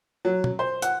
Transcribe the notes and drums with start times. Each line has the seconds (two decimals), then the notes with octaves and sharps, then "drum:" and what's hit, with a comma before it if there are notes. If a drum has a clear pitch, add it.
0.25 F#3
0.44 drum: tom
0.59 C5
0.82 F#5, drum: hi-hat